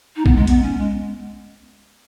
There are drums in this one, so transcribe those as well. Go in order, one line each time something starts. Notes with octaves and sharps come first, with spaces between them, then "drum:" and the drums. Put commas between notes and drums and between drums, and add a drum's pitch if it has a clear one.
D#4
B3, drum: kick A#1
G#3
B3, drum: hi-hat
C#4
G#3